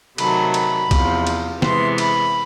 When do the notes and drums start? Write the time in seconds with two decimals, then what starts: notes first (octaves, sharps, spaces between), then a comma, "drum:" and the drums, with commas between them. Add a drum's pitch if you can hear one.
0.18 C3 D#3 F#3 A3 B5, drum: cymbal
0.54 B5, drum: cymbal
0.91 E2 C3 F3, drum: kick C2, cymbal
1.27 drum: cymbal
1.62 C3 E3 G#3 B3 C6, drum: snare
1.98 B5, drum: cymbal